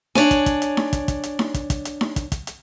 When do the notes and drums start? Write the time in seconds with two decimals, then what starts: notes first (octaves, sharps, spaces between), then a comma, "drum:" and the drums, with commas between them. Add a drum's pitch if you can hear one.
0.15 D4 C#5 G#5, drum: snare D#4
0.31 drum: kick, hi-hat
0.46 drum: kick, hi-hat
0.62 drum: hi-hat
0.77 drum: snare D#4
0.93 drum: kick, hi-hat
1.08 drum: kick, hi-hat
1.23 drum: hi-hat
1.39 drum: snare D#4
1.54 drum: kick, hi-hat
1.70 drum: kick, hi-hat
1.85 drum: hi-hat
2.01 drum: snare D#4
2.16 drum: kick, hi-hat
2.32 drum: kick, hi-hat
2.47 drum: hi-hat